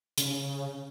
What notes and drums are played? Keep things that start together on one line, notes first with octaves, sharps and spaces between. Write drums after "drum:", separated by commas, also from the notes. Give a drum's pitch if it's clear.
C#3, drum: hi-hat